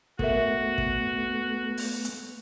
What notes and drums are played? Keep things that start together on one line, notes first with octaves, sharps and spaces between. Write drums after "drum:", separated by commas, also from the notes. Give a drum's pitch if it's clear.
A3 B3 F#4 A4 A#4 E5, drum: kick
drum: kick
drum: open hi-hat
drum: hi-hat